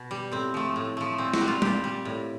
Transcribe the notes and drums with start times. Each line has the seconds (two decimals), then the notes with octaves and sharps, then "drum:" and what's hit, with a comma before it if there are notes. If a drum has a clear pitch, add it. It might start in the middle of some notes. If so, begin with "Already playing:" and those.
Already playing: B2
0.11 G3
0.32 A2 C4
0.54 F3 A3
0.76 A2
0.97 F3 A3
1.18 A#2 C4
1.34 F#4, drum: snare
1.41 G3
1.48 F4
1.62 A#2 G4, drum: tom
1.84 G3
2.05 A2